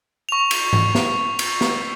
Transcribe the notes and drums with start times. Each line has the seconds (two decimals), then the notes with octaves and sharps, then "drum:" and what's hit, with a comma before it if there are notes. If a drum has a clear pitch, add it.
0.29 C#6 F7
0.51 drum: cymbal
0.73 drum: tom G#2
0.95 drum: snare
1.39 drum: cymbal
1.61 drum: snare